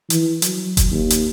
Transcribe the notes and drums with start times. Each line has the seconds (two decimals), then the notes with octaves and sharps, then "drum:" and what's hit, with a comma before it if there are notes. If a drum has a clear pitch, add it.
0.10 E3, drum: hi-hat
0.42 F#3, drum: hi-hat
0.77 drum: kick F1, hi-hat
0.91 D#2
1.10 drum: hi-hat